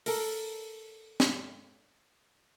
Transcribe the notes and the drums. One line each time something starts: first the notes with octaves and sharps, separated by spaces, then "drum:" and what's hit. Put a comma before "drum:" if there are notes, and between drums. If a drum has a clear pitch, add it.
A4 A#4, drum: open hi-hat
drum: snare